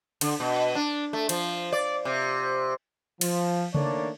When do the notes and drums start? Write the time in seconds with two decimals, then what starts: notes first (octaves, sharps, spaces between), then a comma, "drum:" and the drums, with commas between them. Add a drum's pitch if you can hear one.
0.21 D3, drum: cymbal
0.40 B2
0.75 D4
1.13 A3
1.29 F3, drum: cymbal
1.73 D5
2.05 C3
3.21 F3, drum: cymbal
3.75 D#3 A3 A#3 D4 C#5 D5, drum: tom C#3